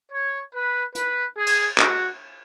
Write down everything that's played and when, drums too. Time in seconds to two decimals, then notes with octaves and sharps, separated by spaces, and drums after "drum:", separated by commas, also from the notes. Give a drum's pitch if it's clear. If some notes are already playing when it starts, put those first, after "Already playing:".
0.11 C#5
0.53 B4
0.95 B4, drum: hi-hat
1.37 G#4
1.47 drum: cymbal
1.78 F#4, drum: clap